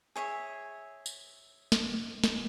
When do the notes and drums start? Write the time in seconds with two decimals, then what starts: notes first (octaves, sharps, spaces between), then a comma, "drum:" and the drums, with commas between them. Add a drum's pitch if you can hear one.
0.16 G#4 C#5 E5 C#6
1.06 drum: tambourine
1.72 drum: snare
2.24 drum: snare